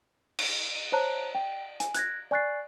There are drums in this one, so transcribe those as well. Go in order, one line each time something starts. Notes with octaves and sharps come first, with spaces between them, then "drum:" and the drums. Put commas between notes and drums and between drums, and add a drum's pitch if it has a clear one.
drum: cymbal
C5 C#5 A5 A#5 F#6
G5
G#5, drum: hi-hat
F#6 G#6 A#6, drum: hi-hat
D5 G#5 C#6 F#6 A6 C7